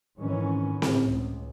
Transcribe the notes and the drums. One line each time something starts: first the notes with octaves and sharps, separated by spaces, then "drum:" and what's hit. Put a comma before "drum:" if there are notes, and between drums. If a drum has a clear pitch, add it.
G#1 G#2 D#3 E3 C#4
A2
drum: snare C4
C#2